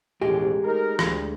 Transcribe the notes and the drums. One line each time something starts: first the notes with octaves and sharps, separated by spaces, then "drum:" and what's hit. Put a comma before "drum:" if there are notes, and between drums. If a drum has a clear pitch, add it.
A1 D#2 B2 G#3 G4
A3 D#4 A#4
D2, drum: rim click